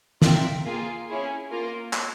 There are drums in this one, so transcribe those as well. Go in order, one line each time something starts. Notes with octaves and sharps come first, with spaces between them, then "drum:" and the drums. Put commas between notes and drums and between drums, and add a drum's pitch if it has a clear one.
F4 A#4 E5 G5, drum: snare
A#3 F4 G#4
C#4 E4 G#4
A#3 F4 A#4
drum: clap